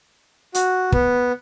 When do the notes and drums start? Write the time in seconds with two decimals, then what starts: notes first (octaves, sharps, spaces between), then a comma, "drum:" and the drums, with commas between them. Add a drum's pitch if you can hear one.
0.54 F#4, drum: hi-hat
0.92 B3, drum: kick